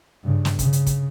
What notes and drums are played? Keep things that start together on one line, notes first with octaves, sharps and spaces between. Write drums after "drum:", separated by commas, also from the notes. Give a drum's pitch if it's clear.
G2 C#3
drum: snare
C#3, drum: kick, hi-hat
drum: hi-hat
drum: kick, hi-hat